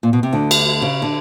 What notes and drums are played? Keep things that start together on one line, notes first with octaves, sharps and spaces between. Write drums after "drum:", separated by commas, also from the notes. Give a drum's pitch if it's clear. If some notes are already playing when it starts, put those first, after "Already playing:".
A#2
B2
C3
D2 D3
drum: cymbal
C#3
D3